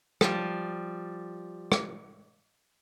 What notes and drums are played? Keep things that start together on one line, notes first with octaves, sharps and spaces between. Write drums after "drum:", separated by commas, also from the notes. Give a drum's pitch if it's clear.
F3 G3, drum: rim click
drum: rim click